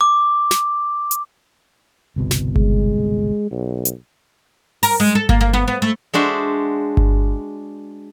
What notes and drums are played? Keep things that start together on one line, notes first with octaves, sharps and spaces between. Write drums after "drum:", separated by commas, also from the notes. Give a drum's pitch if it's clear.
D6
drum: snare
drum: hi-hat
G1 C2 B2
drum: snare
G#3, drum: kick G1
B1
drum: hi-hat
A#4, drum: open hi-hat
G#3
A4
A#3, drum: kick G1
A#3
B3
B3
A3
G#3 D4 F#4 C5 E5
drum: kick G1